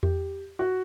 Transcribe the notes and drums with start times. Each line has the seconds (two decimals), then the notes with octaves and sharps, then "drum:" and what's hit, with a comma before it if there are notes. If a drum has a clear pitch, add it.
0.03 G4, drum: tom E2
0.59 F#4